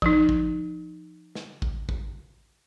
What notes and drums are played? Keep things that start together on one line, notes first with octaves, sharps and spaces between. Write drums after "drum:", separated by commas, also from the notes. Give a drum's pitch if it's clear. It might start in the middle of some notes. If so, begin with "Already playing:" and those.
F3 D#4, drum: kick
drum: kick
drum: snare
drum: kick
drum: kick